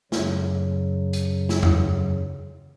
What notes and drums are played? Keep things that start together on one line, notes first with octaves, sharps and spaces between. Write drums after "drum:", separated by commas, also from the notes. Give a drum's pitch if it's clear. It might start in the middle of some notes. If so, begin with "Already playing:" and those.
F#2 C#3 F#3, drum: snare
drum: hi-hat
drum: snare
drum: tom E2